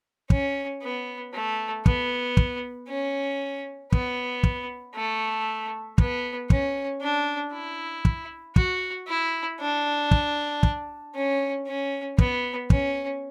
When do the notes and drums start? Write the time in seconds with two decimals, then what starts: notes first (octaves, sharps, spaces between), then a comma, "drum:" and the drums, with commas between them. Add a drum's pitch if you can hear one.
0.30 C#4, drum: kick
0.83 B3
1.34 A3
1.86 B3, drum: kick
2.37 drum: kick
2.88 C#4
3.92 B3, drum: kick
4.43 drum: kick
4.95 A3
5.98 B3, drum: kick
6.50 C#4, drum: kick
7.01 D4
7.53 E4
8.05 drum: kick
8.56 F#4, drum: kick
9.08 E4
9.60 D4
10.11 drum: kick
10.63 drum: kick
11.15 C#4
11.67 C#4
12.18 B3, drum: kick
12.70 C#4, drum: kick